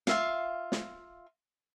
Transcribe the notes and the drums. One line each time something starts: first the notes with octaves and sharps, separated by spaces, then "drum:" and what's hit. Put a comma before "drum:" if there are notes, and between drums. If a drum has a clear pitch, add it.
F4 E5 F5, drum: snare
drum: snare